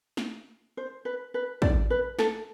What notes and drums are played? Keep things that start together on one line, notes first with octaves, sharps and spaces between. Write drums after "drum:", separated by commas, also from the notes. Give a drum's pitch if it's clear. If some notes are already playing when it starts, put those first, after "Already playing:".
drum: snare
C5
B4
B4
D5, drum: kick
B4
A4, drum: snare